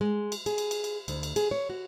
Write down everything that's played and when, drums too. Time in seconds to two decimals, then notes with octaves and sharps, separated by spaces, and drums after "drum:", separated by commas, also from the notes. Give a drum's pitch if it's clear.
0.01 G#3
0.32 drum: cymbal
0.46 G#4, drum: cymbal
0.58 drum: cymbal
0.71 drum: cymbal
0.84 drum: cymbal
1.08 D2, drum: cymbal
1.23 drum: cymbal
1.36 G#4, drum: cymbal
1.51 C#5
1.70 F#4